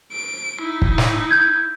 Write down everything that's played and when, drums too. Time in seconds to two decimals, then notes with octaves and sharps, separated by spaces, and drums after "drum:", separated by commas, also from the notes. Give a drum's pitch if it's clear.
0.12 D7
0.62 D#4 E4
0.82 drum: kick
0.98 drum: snare
1.31 G6 G#6